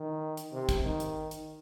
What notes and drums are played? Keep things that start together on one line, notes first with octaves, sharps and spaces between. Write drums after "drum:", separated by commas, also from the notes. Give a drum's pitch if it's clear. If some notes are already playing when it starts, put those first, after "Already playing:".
Already playing: D#3
drum: hi-hat
C3
drum: kick, hi-hat
D#3
drum: hi-hat
drum: hi-hat